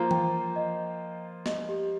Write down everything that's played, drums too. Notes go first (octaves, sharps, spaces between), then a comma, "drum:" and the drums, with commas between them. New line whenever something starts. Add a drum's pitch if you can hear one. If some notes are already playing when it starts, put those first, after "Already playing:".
Already playing: F3 A#3 F4 C5 A#5
G5, drum: tom E3
D#5
D#5, drum: snare
G4